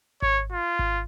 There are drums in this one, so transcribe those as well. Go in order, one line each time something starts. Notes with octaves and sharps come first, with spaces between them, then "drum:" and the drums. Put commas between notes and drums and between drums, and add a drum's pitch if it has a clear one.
C#5, drum: kick G#1
F4
drum: kick G#1